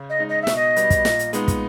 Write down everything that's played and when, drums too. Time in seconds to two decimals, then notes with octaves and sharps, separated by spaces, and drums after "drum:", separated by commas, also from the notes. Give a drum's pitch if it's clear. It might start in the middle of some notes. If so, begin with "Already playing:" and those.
Already playing: C#3
0.09 D#5
0.19 G#3 D#4
0.29 D#5
0.42 E5
0.47 B2, drum: snare
0.55 D#5
0.76 G3 B3, drum: hi-hat
0.90 drum: kick, hi-hat
1.05 A#2, drum: snare
1.19 drum: hi-hat
1.33 G#3 B3 D#4, drum: hi-hat
1.48 drum: kick, hi-hat